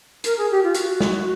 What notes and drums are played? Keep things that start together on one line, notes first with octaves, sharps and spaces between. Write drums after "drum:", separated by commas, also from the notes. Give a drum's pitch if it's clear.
A#4, drum: hi-hat
G#4
G4
F4
F#4, drum: hi-hat
drum: snare